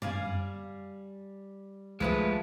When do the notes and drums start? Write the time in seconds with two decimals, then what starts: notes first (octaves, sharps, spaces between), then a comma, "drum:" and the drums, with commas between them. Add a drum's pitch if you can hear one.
0.02 G3 D5 F5 G#5, drum: tom F#2
2.00 F3 G#3 A3 B3 B4, drum: kick